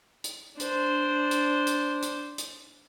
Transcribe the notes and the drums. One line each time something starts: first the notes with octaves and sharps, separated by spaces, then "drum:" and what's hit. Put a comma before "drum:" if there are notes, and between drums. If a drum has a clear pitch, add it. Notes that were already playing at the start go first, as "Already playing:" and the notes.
drum: hi-hat
D4 C5, drum: hi-hat
drum: hi-hat
drum: hi-hat
drum: hi-hat
drum: hi-hat